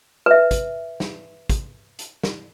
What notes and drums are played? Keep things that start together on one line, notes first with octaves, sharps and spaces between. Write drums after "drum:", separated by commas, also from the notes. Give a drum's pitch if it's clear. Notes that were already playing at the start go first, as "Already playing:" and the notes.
B4 E5
drum: kick, hi-hat
drum: snare
drum: kick, hi-hat
drum: hi-hat
drum: snare